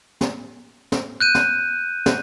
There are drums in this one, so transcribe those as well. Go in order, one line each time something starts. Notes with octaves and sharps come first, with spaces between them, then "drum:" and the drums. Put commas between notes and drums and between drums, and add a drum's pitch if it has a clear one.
drum: snare
drum: snare
F#6 G6 D#7
drum: snare
drum: snare